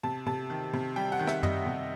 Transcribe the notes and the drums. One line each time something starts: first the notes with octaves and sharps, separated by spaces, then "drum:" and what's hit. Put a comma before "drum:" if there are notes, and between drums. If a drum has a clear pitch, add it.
C3 A5
C3 A5
D#3
C3
G3 G5
F#5
D#3
E5, drum: rim click
G3 D#5, drum: tom
C3